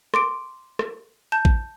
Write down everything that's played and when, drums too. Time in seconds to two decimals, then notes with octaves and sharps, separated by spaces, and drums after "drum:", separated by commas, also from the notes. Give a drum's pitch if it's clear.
0.14 C6 D6 D7, drum: rim click
0.79 drum: rim click
1.32 A5 G6
1.45 drum: kick A1